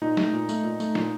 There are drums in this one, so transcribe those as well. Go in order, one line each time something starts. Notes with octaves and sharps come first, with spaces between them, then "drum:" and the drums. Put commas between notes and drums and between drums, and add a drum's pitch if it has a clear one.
A#2 D#4
A3, drum: snare
A#2
A3, drum: tambourine
A#2
A3, drum: tambourine
A#2, drum: snare